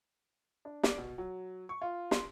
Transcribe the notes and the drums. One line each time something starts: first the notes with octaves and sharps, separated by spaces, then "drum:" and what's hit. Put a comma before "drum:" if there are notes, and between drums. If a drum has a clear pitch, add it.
D4
D5, drum: snare
B2
F#3
C#6
F4
C6, drum: snare